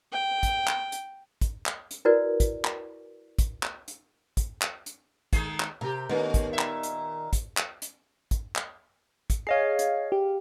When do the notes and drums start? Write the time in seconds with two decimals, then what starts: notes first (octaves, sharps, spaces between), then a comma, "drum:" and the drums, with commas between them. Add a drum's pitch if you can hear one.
0.12 G5
0.43 drum: kick, hi-hat
0.68 drum: clap
0.92 drum: hi-hat
1.41 drum: kick, hi-hat
1.66 drum: clap
1.91 drum: hi-hat
2.05 E4 F#4 A#4 B4 D5
2.40 drum: kick, hi-hat
2.65 drum: clap
3.38 drum: kick, hi-hat
3.63 drum: clap
3.88 drum: hi-hat
4.37 drum: kick, hi-hat
4.62 drum: clap
4.86 drum: hi-hat
5.33 D#3 G#3 G#4, drum: kick, hi-hat
5.60 drum: clap
5.81 C3 G4 A#4
6.09 D#3 A3 B3 C#4
6.34 drum: kick, hi-hat
6.49 A#2 E5
6.59 drum: clap
6.83 drum: hi-hat
7.33 drum: kick, hi-hat
7.57 drum: clap
7.82 drum: hi-hat
8.31 drum: kick, hi-hat
8.56 drum: clap
9.30 drum: kick, hi-hat
9.47 G#4 C#5 D#5 F5 C7
9.79 drum: hi-hat
10.12 G4